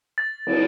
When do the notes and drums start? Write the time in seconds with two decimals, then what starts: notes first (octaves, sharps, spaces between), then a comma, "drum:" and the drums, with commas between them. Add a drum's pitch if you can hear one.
0.18 A6
0.47 drum: cymbal